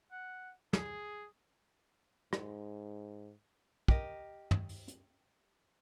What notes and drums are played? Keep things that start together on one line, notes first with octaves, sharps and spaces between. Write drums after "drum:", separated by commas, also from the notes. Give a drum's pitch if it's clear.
F#5
G#4, drum: snare
G#2, drum: rim click
G4 A#4 D#5, drum: kick
drum: tom
drum: open hi-hat
drum: hi-hat